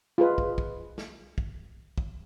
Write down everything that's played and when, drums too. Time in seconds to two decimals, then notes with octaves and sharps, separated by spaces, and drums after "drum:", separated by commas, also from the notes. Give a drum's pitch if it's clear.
0.18 F4 G#4 B4 D#5
0.38 drum: kick
0.58 drum: kick
0.98 drum: snare
1.38 drum: kick
1.98 drum: kick